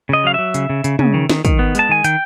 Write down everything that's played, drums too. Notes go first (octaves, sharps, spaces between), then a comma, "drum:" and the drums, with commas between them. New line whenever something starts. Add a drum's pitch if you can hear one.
C#3 D#5
F#3 F5
F#3 E5
C#3, drum: hi-hat
C#3
C#3, drum: hi-hat
C#3, drum: tom
D#3
D#3, drum: snare
D#3, drum: kick, hi-hat
B3
G#3 A5, drum: hi-hat
D#3 G#5
D#3 G5, drum: hi-hat